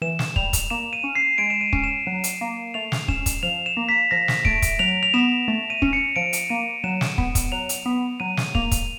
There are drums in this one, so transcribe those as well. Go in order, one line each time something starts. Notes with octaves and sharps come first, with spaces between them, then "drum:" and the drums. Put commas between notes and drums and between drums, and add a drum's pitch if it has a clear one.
E3 E7
drum: snare
G3 F7, drum: kick
drum: kick, hi-hat
A#3 E7
D#7
C#4
C7
G#3 D7
E7
D#7
C#4, drum: kick
E7
F#3
drum: hi-hat
A#3
A3 F7
drum: snare
C#4 E7, drum: kick
drum: kick, hi-hat
F3 F7
E7
A#3
B6
F3 A#6
drum: snare
A3 D7, drum: kick
drum: kick, hi-hat
F#3 F7
F7
B3 E7
A3
D#7
C#4, drum: kick
C#7
F3 D7
drum: hi-hat
A#3 D#7
F#3 E7
drum: snare
B3, drum: kick
drum: kick, hi-hat
F#3 F7
drum: hi-hat
B3
F#3 D#7
drum: snare
A#3 F7, drum: kick
drum: kick, hi-hat